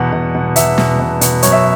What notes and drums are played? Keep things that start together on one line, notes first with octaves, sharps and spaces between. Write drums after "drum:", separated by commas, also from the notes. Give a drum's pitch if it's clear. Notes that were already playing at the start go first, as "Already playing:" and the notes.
Already playing: E2 B2 F#5
B2
B2
E2 E5, drum: hi-hat
B2, drum: snare
B2
B2, drum: hi-hat
F#2 C#5, drum: hi-hat
E5